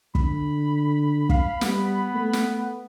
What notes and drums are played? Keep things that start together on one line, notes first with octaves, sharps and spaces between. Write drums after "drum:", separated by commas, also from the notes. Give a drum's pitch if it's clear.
D3 B5, drum: kick
F5, drum: kick
G3 B3, drum: snare
A3
drum: snare